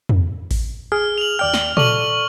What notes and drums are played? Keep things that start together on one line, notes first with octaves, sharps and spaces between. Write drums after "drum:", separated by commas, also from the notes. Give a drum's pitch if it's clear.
drum: tom
drum: kick A1, open hi-hat
G#4 F6
F7 F#7
D#2 D5 G5 F6
drum: snare
A4 D5 C#6 F#7, drum: tom A#2